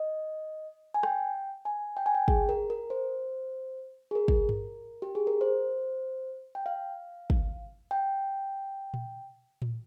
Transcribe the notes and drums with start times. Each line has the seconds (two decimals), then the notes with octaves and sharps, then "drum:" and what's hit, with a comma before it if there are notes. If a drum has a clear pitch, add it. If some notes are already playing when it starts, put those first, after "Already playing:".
Already playing: D#5
0.94 G#5
1.03 G5, drum: rim click
1.65 G#5
1.97 G5
2.06 G#5
2.15 G5
2.28 G#4, drum: kick
2.49 A#4
2.70 A#4
2.90 C5
4.11 G#4
4.15 A#4
4.28 drum: kick
4.49 drum: tom G2
5.02 G4
5.15 G#4
5.27 A#4
5.41 C5
6.55 G5
6.66 F5
7.30 drum: kick
7.91 G5
8.94 drum: tom A#2
9.62 drum: tom A2